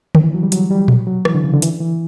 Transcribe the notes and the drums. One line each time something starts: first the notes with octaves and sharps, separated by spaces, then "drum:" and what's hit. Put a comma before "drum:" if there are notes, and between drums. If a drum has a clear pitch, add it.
D3, drum: tom
E3
F#3
G3
F#3, drum: hi-hat
G3
F#3, drum: tom A#2
F#3
E3, drum: rim click
D3
C#3
D3
E3, drum: hi-hat
E3